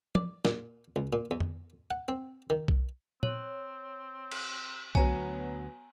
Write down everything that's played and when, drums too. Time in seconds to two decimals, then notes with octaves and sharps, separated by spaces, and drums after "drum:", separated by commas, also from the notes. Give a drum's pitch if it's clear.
0.15 D5, drum: tom
0.45 A#2, drum: snare
0.96 C#2
1.13 A#2
1.31 E2
1.40 drum: tom F2
1.91 F#5
2.08 C4
2.50 D#3
2.68 drum: kick B1
3.23 C4 C#5, drum: tom A#2
4.31 drum: cymbal
4.95 D2 F#3 B3 C#5 G#5 A#5, drum: kick B1